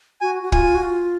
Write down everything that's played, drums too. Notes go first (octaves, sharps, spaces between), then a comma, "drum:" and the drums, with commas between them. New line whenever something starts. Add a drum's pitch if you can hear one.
F#4 G#5
F#4
F4 G#5, drum: kick
F#4
F4